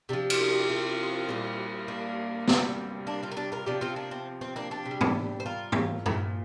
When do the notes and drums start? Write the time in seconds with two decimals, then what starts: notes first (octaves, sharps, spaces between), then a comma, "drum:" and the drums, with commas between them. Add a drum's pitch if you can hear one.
0.09 C3 F3 D4 G4
0.30 drum: cymbal
0.70 C4 F4
1.29 A#2 G3
1.88 A#3 D4
2.48 C3 G3, drum: snare
3.07 A#3 D4
3.23 C4 F4
3.31 A#4
3.37 D4 G4
3.52 F4 A#4
3.66 C3 F3 D4 G4
3.81 C4 F4
3.96 A#3 D4
4.11 C4
4.41 C4
4.56 A#3 D4
4.71 D4 G4
4.85 C3
4.91 G3
5.01 drum: tom
5.40 C5
5.46 F4 A#4
5.72 drum: tom
6.06 A#2 F3, drum: tom G2